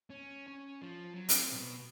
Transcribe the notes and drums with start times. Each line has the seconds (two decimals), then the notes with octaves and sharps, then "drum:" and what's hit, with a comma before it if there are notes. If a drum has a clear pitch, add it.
0.10 C#4
0.48 C#4
0.82 F3
1.15 F#3
1.29 C4, drum: hi-hat
1.53 B2 B3